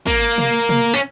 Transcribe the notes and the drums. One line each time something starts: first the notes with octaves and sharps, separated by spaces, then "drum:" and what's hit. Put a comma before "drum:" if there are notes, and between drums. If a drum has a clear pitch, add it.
A#3, drum: kick, hi-hat
drum: tom
drum: tom
C#4